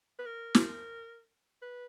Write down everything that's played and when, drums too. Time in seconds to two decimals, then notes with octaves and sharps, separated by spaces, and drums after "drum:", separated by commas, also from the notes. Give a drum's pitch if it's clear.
0.19 B4
0.26 A#4
0.55 drum: snare
1.62 B4